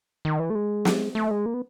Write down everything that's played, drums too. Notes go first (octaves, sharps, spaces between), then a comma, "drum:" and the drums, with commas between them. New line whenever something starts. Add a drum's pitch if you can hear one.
D#3
E3
A3
G#3
drum: snare
A3
G#3
A#3
B3